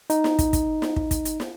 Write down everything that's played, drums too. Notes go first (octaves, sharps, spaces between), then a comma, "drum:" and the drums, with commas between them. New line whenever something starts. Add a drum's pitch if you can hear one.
D#4, drum: hi-hat
drum: snare
drum: kick, hi-hat
drum: kick, hi-hat
drum: snare
drum: kick
drum: kick, hi-hat
drum: hi-hat
drum: snare